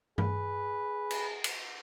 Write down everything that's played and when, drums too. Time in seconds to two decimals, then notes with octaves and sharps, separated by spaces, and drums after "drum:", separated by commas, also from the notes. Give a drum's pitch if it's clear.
0.18 G#4 B4, drum: tom G2
1.11 drum: cymbal
1.44 drum: cymbal